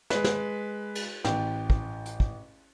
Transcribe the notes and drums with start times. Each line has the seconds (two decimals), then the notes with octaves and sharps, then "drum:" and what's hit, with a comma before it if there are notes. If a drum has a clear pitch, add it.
0.10 G#3 B4, drum: snare
0.24 drum: snare
0.95 drum: cymbal
1.25 A1 G5, drum: snare
1.70 drum: kick
2.06 drum: hi-hat
2.20 drum: kick